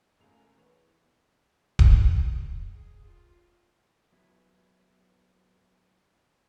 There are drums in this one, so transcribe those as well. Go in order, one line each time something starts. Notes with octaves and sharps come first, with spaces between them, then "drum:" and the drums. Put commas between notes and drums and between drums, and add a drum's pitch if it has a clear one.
E1 C#2 G#3 A3 G#4 F7
E3 B3 C#5 F7
A#3 D#4 C5, drum: kick D1
G#4
F4
F#3 B3 E4 G#4 B4